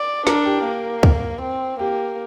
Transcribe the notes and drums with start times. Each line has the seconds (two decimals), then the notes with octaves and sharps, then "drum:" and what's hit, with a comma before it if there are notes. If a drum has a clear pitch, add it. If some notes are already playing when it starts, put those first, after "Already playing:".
Already playing: D5
0.27 D4 A#4, drum: snare
0.45 G4
0.64 A#3
1.03 drum: kick
1.41 C4
1.79 A#3 G4